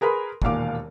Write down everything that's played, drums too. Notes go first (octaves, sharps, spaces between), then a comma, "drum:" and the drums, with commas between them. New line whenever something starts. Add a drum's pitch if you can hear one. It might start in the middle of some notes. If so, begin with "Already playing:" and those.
G#4 A#4 B4 B5 C6
E1 D#2 A#2 F5 D6, drum: kick